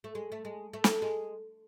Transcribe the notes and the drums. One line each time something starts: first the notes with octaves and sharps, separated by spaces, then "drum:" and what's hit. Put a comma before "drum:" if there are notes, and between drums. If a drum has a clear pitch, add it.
A3
G#3
A3
G#3
A3
drum: snare
G#3